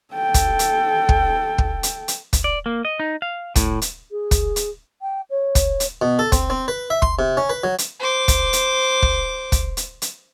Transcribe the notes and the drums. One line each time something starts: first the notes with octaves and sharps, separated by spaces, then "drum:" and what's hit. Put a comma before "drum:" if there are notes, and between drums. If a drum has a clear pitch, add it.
A4 G5
drum: kick, hi-hat
drum: hi-hat
drum: kick
drum: kick
drum: hi-hat
drum: hi-hat
drum: kick, hi-hat
D5
A#3
D#5
D#4
F5
A2, drum: kick, hi-hat
drum: hi-hat
G#4
drum: kick, hi-hat
drum: hi-hat
G5
C#5
drum: kick, hi-hat
drum: hi-hat
B2
A4
C4, drum: kick, hi-hat
C4
B4
E5
C6, drum: kick
C3
C#4
B4
F#3
drum: hi-hat
C5 D6
drum: kick, hi-hat
drum: hi-hat
drum: kick
drum: kick, hi-hat
drum: hi-hat
drum: hi-hat